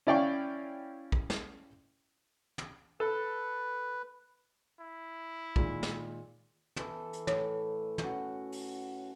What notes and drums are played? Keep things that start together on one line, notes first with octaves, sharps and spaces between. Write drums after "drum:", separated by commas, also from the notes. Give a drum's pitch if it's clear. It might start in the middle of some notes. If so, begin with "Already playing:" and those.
C#4 E4 D5 F5 G5 C#6
drum: kick A#1
drum: snare
drum: tom
A4 B4
E4
A#2 D#3 G#3, drum: kick A#1
drum: snare
E3 A4, drum: tom
drum: hi-hat
A2 C#5, drum: tom
C#4 F#4, drum: tom
drum: open hi-hat